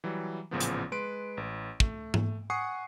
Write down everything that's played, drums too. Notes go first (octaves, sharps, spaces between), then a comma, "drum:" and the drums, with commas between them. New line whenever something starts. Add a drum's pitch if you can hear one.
E3 F#3 G3
A1 A#2 C#3 F3 A#3 B3
drum: hi-hat
G#3 B4 C6 D7
A1
A3, drum: kick
drum: tom G#2
F#5 G#5 C#6 D#6 C7 C#7